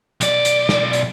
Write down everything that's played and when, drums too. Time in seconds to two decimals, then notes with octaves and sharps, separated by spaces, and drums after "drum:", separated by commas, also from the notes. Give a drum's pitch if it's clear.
0.21 B1 D5, drum: hi-hat
0.45 drum: hi-hat
0.69 drum: snare
0.93 drum: hi-hat